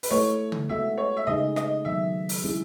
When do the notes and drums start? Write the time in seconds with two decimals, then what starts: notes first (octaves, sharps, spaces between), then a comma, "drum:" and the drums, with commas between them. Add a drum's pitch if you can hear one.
0.03 B4, drum: open hi-hat
0.10 A3 E4 A4 C#5
0.52 drum: tom C#3
0.69 G#3 B3 F#4 A4 E5
0.98 C#5
1.17 E5
1.27 C#3 G#3 D#4 G#4 D#5
1.56 D#5, drum: snare
1.85 D#3 F#3 B3 E5
2.29 drum: open hi-hat
2.44 G#3 C#4 E4 G#4